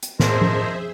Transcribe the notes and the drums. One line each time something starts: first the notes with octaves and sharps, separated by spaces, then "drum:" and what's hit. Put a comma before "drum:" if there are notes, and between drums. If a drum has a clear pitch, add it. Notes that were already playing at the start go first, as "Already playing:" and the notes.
drum: hi-hat
A2 F3 G#3 G#4 A#4 C5 E5, drum: snare
drum: tom F3